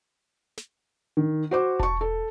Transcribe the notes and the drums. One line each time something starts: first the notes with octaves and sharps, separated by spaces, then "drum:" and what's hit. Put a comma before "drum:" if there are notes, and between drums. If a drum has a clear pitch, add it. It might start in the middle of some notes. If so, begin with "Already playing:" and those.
drum: snare
D#3
F#4 C5 D6
A5 C#6, drum: kick E1
A4